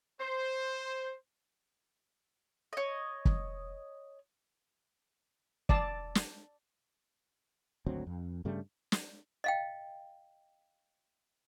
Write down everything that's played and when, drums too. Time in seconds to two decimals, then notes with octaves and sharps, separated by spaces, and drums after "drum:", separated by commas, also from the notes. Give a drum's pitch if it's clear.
0.20 C5
2.73 C#5 D#5
3.25 drum: kick
5.69 D5 A5, drum: kick
6.15 drum: snare
7.87 G#1 D2 F#3 C4
8.07 F2
8.45 G2 C#3 G3 A3
8.92 drum: snare
9.44 D#5 F5 G5